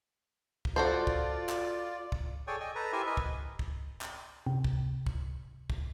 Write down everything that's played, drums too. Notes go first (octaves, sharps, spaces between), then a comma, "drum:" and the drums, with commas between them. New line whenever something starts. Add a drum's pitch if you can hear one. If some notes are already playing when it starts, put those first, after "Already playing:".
drum: kick
F4 F#4 A4 C5 D5
drum: kick
drum: clap
drum: kick
G#4 A4 C#5 D5 G5 G#5
D#5 G5 G#5
A4 B4 A#5
E4 G4 A#4 C5 E5 G#5
A#4 B4 D#5 G#5
drum: kick
drum: kick
drum: clap
C3
drum: kick
drum: kick
drum: kick